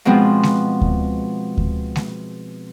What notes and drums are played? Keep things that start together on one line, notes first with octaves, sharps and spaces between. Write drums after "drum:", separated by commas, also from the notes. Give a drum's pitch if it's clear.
B2 F3 G#3 B3 C4
drum: snare G#3
drum: kick D2
drum: kick D2
drum: snare G#3